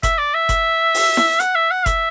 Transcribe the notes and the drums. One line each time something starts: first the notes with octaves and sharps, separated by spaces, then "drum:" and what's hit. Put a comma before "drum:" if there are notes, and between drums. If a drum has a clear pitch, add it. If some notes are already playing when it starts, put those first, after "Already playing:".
E5, drum: kick F#1, hi-hat
D5
E5
drum: kick F#1, hi-hat
drum: open hi-hat
drum: snare E4
F#5, drum: hi-hat
E5
F#5
E5, drum: kick F#1, hi-hat